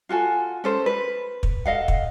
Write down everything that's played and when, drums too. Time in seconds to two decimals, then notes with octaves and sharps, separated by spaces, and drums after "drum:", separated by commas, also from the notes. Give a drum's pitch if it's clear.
0.09 F4 F#4 A4 G#5
0.64 C#4 A4 C5
0.86 B4
1.43 drum: kick
1.66 A4 D#5 F5 F#5
1.88 drum: kick